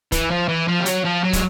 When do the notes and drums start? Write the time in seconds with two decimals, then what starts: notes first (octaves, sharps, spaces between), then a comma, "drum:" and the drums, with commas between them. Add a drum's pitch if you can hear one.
0.12 E3, drum: kick, hi-hat
0.31 F3
0.49 E3
0.68 F3
0.80 G3
0.86 F#3, drum: hi-hat
1.04 F3
1.24 F#3
1.33 G#3, drum: kick, hi-hat